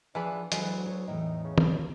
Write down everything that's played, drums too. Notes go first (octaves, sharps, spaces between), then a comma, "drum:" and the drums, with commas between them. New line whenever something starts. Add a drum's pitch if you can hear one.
E3 F3 B3 D4 G#4 B5
D2 E3 F#3 G#3 B3, drum: hi-hat
C#5
E2 A2 D#4 G5
C#3
drum: tom